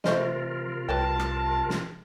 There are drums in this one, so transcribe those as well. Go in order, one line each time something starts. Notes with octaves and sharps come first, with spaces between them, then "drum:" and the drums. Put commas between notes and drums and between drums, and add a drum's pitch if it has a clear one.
C3 E3 A3 F4 A#4 C5 D#5, drum: snare
C2 B4 C#5 G5 A5
drum: rim click
drum: snare